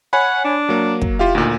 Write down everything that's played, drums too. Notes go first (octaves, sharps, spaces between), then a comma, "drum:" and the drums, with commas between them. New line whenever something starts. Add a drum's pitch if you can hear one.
C#5 F#5 G#5 B5
D4
F#3 A#3
drum: kick
E4 F4 G4 F5
D2 A#2 D#3